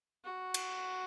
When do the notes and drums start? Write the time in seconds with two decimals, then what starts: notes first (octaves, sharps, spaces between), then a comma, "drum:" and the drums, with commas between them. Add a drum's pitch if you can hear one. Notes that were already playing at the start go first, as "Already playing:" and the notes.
0.24 F#4
0.54 drum: cymbal